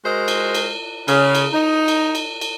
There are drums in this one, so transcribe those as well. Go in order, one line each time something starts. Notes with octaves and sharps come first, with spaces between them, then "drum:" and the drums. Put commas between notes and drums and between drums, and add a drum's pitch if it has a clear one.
G#3 F#4 A#4 C5 D#5
drum: cymbal
drum: cymbal
C#3, drum: cymbal
drum: cymbal
D#4
drum: cymbal
drum: cymbal
drum: cymbal